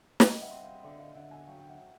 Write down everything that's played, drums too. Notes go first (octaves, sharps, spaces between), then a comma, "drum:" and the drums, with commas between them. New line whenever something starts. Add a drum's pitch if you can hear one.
G3 D#5 F5, drum: snare
E5 F#5
C4
F5 G5
D3 D5 E5
D#5 F5
D3 E5 F#5
F#5 G#5
F#3 F5 G5
G5
E5 F#5